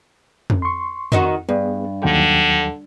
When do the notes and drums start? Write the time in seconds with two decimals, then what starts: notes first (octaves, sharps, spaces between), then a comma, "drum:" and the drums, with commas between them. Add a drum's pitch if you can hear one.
0.50 drum: tom F2
0.62 C6 C#6
1.12 D#3 D#4 F#4, drum: tom F2
1.49 G2 B3 G#4
2.03 D#2 D3 F#3 G5